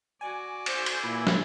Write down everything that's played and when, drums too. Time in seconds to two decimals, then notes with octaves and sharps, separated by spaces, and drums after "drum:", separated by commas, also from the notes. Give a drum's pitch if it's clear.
0.21 F#4 D5 G#5
0.66 C5, drum: cymbal
0.86 drum: cymbal
1.03 A#2 E3 E4 B5
1.27 drum: snare